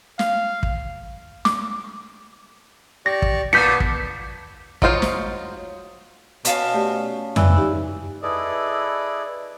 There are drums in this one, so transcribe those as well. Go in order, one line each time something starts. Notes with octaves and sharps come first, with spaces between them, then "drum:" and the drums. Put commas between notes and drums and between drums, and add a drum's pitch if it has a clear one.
F5, drum: snare
drum: kick
D6, drum: snare
G4 D5 C#6 A#6
drum: kick
A#2 B3 A5 C#6 G6 B6 C#7
drum: kick
F#3 D#4 F4 C5 F5, drum: kick
drum: snare
B2 C#4 F5 A5, drum: hi-hat
A3 G4 D5
E3 D5, drum: tom F2
D#4 G4
E4 G#4 A4 B4 D5 D#5